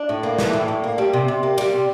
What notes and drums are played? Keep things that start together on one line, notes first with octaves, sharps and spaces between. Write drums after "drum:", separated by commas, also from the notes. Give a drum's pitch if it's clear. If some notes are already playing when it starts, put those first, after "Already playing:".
Already playing: D4
A2
A#3
E3, drum: snare
A2
A2
A#3
G3
C3
C3
A#3
G3, drum: cymbal
C3